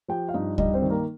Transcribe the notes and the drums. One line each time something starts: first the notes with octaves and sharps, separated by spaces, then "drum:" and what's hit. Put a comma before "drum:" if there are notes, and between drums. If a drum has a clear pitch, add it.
F3 G4 G5
F5
G2 D#4 D#5
G3 D#4 D#5, drum: kick C#2
C4 C5
D#3
A#3 A#4